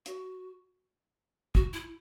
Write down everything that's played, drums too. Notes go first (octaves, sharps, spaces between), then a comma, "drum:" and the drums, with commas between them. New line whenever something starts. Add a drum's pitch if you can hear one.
F#4, drum: hi-hat
F#4, drum: kick
E4